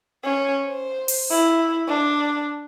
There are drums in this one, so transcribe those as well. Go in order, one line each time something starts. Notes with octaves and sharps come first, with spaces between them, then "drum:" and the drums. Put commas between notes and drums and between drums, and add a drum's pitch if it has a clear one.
C#4
C5
drum: open hi-hat
E4
D4